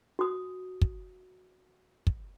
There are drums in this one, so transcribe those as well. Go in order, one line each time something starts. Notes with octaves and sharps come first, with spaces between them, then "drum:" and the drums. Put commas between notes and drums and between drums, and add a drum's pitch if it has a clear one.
F#4 D#6
drum: kick
drum: kick